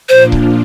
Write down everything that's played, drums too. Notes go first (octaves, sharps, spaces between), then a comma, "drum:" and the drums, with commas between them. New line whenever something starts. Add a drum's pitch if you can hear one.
A#2 F3 A#3 D4 F4 C5
drum: kick C#1